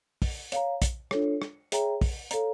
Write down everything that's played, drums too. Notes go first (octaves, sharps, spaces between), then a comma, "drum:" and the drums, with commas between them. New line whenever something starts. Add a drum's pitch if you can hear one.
drum: kick, open hi-hat
C#5 F5 A#5, drum: hi-hat
drum: kick, hi-hat
D4 F4 A4 C#5, drum: rim click
drum: rim click
G#4 C#5 E5 G5 A#5, drum: hi-hat
drum: kick, open hi-hat
A4 C#5 F5 A#5, drum: hi-hat